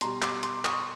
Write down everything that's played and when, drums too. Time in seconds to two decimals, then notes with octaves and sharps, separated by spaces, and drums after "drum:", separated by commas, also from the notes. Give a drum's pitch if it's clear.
0.01 B2 G3 A#5 C6, drum: hi-hat
0.22 C6 D6, drum: clap
0.43 C6 D6, drum: hi-hat
0.65 C#6 D#6, drum: clap